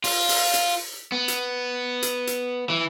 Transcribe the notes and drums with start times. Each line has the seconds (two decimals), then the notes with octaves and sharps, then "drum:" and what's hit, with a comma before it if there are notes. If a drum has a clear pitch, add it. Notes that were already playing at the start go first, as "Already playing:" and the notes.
0.04 F4, drum: open hi-hat
0.29 drum: open hi-hat
0.54 drum: hi-hat
1.12 B3
1.28 drum: hi-hat
2.02 drum: hi-hat
2.27 drum: hi-hat
2.69 E3